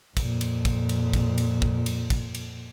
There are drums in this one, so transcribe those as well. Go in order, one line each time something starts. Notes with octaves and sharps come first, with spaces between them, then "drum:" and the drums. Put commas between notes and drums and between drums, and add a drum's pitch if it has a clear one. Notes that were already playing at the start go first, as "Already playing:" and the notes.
F2 A#2, drum: kick, cymbal
drum: cymbal
drum: kick, cymbal
drum: cymbal
drum: kick, cymbal
drum: cymbal
drum: kick
drum: cymbal
drum: kick, cymbal
drum: cymbal